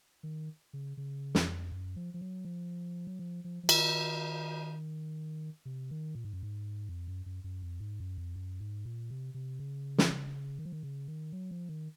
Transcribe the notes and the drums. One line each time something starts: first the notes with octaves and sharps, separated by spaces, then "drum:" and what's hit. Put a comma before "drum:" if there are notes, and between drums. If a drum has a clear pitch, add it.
D#3
C#3
C#3
F2, drum: snare
F#2
F3
F3
F#3
F3
F#3
F3
F3
F3
D#3, drum: cymbal
C3
D#3
A#2
G#2
F#2
G#2
F2
F#2
F#2
F#2
F2
G#2
F#2
F2
F#2
G#2
A#2
C3
C3
C#3
drum: snare
D#3
F3
D#3
C#3
D#3
F#3
F3
D#3